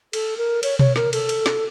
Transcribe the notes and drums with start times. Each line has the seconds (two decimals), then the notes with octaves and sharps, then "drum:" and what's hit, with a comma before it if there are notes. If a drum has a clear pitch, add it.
0.13 A4, drum: cymbal
0.37 A#4
0.63 C#5, drum: cymbal
0.79 C#5, drum: tom B2
0.96 A#4, drum: snare
1.13 A4, drum: cymbal
1.29 drum: cymbal
1.46 drum: snare